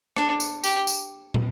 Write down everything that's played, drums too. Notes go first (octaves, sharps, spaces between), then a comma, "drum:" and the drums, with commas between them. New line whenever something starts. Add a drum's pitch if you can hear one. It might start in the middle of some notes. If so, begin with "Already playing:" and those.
D4, drum: rim click
drum: tambourine
G4, drum: tambourine
drum: tambourine
drum: tom